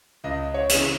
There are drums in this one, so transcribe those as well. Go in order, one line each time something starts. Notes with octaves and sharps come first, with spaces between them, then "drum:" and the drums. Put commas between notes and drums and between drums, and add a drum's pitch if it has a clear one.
C#2 D#5
C#5
C#3 E3, drum: hi-hat